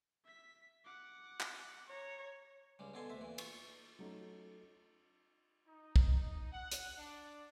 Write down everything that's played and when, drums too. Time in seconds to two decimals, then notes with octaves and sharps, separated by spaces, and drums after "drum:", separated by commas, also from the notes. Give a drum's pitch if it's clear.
0.25 E5 B6
0.85 F#5 D6
1.40 drum: clap
1.89 C#5 A#5
2.79 C#2 C#3 G3
2.94 B2 D3 A4 G#5 C6
3.10 D2 C3 E5
3.21 A#2 E3
3.38 C#6, drum: cymbal
3.99 F#3 A3 C#4 D#4 F#4
5.66 D#4
5.96 drum: kick
6.51 F#5
6.72 drum: hi-hat
6.95 D4